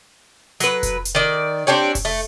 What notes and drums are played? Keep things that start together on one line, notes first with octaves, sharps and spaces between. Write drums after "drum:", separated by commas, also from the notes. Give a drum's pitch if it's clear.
F#3 B4, drum: hi-hat
drum: kick F1, hi-hat
drum: hi-hat
D#3 D5
C4 D4 G4 C#5
drum: kick F1, open hi-hat
A3